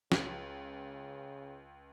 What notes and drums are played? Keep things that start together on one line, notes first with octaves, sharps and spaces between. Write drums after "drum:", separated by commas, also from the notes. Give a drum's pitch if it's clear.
C#2 C#3, drum: snare